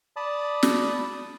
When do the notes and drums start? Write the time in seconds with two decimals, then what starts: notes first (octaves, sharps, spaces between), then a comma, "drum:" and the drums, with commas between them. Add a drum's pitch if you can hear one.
0.16 D5 A5 B5 D#6
0.63 drum: snare